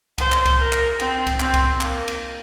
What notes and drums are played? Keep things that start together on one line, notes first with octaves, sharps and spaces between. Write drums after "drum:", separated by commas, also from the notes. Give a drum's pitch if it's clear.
C5, drum: kick C2, cymbal
drum: clap
drum: kick C2, cymbal
A#4
drum: clap
C4, drum: cymbal
drum: kick C2, cymbal
C4, drum: clap
drum: kick C2, cymbal
A#3, drum: clap
drum: cymbal